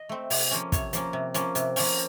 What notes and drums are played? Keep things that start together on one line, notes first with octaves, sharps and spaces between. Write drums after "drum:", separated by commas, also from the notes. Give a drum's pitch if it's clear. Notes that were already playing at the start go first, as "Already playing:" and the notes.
Already playing: D#5
A3 C4
C3, drum: open hi-hat
F3 A#3 C#4
C3 C#5, drum: kick, hi-hat
F3 A#3 C#4, drum: hi-hat
C3
F3 A#3 C#4, drum: hi-hat
C3, drum: hi-hat
F3 A#3 C#4, drum: open hi-hat